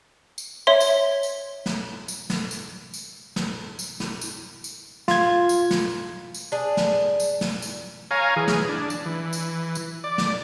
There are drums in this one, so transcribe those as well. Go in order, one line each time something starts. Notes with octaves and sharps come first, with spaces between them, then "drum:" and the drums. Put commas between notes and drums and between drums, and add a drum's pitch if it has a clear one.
drum: tambourine
C#5 E5 C6
drum: tambourine
drum: tambourine
drum: snare
drum: tambourine
drum: snare
drum: tambourine
drum: tambourine
drum: snare
drum: tambourine
drum: snare
drum: tambourine
drum: tambourine
F4 G#6, drum: snare
drum: tambourine
drum: snare
drum: tambourine
D4 G#4
drum: snare
drum: tambourine
drum: snare
drum: tambourine
C#5 F5 G#5 A#5
E3 G#4
drum: snare
D4
drum: tambourine
E3
drum: tambourine
drum: tambourine
D5
drum: snare